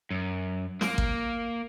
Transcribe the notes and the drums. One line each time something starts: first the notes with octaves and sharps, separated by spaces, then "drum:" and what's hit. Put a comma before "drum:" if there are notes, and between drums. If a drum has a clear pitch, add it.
F#2
A#3, drum: snare
drum: kick A1